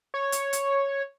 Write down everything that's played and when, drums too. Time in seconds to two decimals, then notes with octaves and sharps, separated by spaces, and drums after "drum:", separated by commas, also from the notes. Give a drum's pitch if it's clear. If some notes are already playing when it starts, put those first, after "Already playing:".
0.14 C#5
0.32 drum: hi-hat
0.53 drum: hi-hat